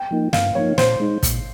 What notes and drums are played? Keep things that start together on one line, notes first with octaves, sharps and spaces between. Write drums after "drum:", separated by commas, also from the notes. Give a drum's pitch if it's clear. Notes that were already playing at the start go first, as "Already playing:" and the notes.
Already playing: G5
F3 A#3 D#4
G2 F5, drum: snare
F3 A#3 D#4 C#5
A#2 C5, drum: snare
G#3 D#4
A#2, drum: kick, hi-hat